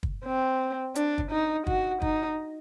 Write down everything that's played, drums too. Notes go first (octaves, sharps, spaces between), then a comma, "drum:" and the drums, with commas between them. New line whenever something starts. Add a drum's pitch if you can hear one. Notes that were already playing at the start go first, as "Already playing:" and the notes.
drum: kick
C4
D4, drum: hi-hat
drum: kick
D#4
F#4, drum: kick
D#4, drum: kick